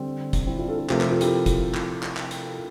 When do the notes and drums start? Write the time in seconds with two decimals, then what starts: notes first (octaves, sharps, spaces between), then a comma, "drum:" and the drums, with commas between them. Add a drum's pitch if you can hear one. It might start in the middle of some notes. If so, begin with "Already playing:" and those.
Already playing: D3 G3 C4
0.33 drum: kick, hi-hat
0.47 C4 E4
0.58 D4 F4
0.68 F4 A4
0.79 F4 A4
0.90 C3 F3 A3 G4 A#4, drum: clap
1.01 G4 A#4, drum: clap
1.11 F4 A4
1.21 E4 G4, drum: hi-hat
1.46 drum: kick, hi-hat
1.74 drum: clap
2.03 drum: clap
2.17 drum: clap
2.31 drum: hi-hat